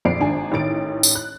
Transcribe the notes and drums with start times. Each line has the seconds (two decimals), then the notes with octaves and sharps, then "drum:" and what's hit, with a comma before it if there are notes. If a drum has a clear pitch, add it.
0.05 A#1 F2 D5 C7 D7
0.20 G#1 D4 G#5
0.52 A1 D#3 A6 D7
1.03 drum: tambourine
1.15 F#6